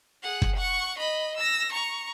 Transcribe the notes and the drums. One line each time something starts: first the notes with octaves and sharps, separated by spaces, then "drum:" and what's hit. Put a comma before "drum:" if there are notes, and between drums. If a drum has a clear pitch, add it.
G#4 F#5
drum: kick
F#5 C#6
D#5 B5
E6 A#6
A#5 C#6